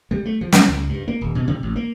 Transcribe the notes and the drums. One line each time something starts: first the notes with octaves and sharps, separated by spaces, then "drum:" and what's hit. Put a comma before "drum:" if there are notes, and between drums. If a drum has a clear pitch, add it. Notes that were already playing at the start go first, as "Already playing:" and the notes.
G3
A3
F3
C#4, drum: snare
C#2
G2
A#3
D#1
B2
C3
A1
A#3